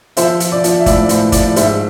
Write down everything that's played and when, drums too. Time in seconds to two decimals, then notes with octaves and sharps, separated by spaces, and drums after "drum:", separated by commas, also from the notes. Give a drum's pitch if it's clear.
0.17 F3 C5 E5, drum: hi-hat
0.40 F3, drum: hi-hat
0.52 D5
0.64 F3, drum: hi-hat
0.80 E5
0.86 A2 D5, drum: kick G1, hi-hat
1.09 A2 C5, drum: hi-hat
1.32 F3 D5, drum: kick G1, hi-hat
1.56 G#2 C5 E5, drum: hi-hat